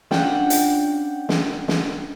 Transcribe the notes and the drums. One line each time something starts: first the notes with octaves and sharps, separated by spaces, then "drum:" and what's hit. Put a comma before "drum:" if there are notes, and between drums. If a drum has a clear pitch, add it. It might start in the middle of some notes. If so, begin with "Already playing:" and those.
C#4 D4 F4 F#5 G5, drum: snare
drum: hi-hat
drum: snare
drum: snare